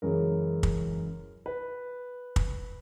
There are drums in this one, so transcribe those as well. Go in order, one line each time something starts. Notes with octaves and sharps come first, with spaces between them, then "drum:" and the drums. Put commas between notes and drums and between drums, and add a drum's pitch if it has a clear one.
F#2 C#3 E3 G#3 C#4 A#4
drum: kick
B4
drum: kick